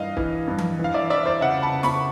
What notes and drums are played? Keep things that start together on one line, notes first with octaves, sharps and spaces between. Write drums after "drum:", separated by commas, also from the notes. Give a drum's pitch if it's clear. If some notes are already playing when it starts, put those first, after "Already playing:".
Already playing: G2 E3 D#5 F5
E3, drum: kick
G2
drum: tom E3
E3
F5
D5 E5
E3 D5 E5
C5 D5
C#3 E5 F#5
A5 B5
C#3
B5 C#6, drum: snare